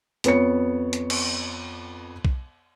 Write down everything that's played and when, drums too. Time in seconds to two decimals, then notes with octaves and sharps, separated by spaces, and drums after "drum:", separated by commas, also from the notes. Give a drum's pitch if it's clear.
0.24 F2 B3 C#5 C#7, drum: hi-hat
0.93 drum: hi-hat
1.10 drum: cymbal
2.25 drum: kick B1